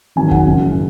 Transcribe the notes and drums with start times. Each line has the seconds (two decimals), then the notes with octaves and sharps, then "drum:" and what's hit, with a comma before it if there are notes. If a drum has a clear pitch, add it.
0.16 G#1 G#2 D#3 F#3 G#5
0.31 F#5, drum: kick E2
0.46 F#1 F#2 C#3